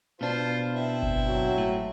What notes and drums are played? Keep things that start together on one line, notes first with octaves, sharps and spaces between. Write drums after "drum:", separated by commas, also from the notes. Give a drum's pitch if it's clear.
B2 D4 F4 B4 C5
C4 E4
drum: kick G1
F#3
A2